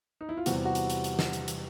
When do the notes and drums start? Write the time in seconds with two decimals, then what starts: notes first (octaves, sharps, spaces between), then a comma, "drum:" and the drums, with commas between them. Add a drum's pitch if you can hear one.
0.21 D#4
0.29 E4
0.37 F4
0.46 E2 C3 E3 G3 F#4, drum: hi-hat
0.65 F#4
0.75 drum: hi-hat
0.90 drum: hi-hat
1.04 drum: hi-hat
1.19 drum: snare
1.33 drum: hi-hat
1.48 drum: hi-hat